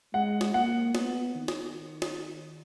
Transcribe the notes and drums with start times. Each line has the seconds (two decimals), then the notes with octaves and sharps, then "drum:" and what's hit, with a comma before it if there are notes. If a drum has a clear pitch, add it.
0.14 G#3 F#5
0.41 drum: snare
0.54 A#3 F#5
0.95 B3, drum: snare
1.35 D#3
1.48 drum: snare
2.02 drum: snare